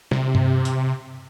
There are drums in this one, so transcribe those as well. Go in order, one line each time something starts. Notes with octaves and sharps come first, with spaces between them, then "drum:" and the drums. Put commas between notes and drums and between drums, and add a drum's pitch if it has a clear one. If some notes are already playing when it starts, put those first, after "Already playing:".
C3, drum: snare
drum: tom G2
drum: hi-hat